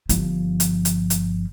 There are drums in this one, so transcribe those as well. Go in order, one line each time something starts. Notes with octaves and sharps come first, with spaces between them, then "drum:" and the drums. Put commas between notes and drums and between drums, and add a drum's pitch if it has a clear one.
G1 F3, drum: hi-hat
drum: hi-hat
drum: hi-hat
drum: hi-hat